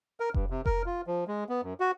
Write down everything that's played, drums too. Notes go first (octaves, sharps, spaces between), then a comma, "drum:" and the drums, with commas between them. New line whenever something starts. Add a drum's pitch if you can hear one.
A#4
G2, drum: kick F1
C3
A#4, drum: kick F1
F4
F3
G#3
B3
F#2
F#4